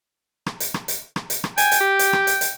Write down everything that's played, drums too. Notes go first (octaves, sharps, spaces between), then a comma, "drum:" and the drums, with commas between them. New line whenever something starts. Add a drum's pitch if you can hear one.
drum: rim click
drum: hi-hat
drum: rim click
drum: hi-hat
drum: rim click
drum: hi-hat
drum: rim click
G5 G#5, drum: hi-hat
drum: hi-hat
G4
drum: hi-hat
drum: rim click
drum: hi-hat
drum: hi-hat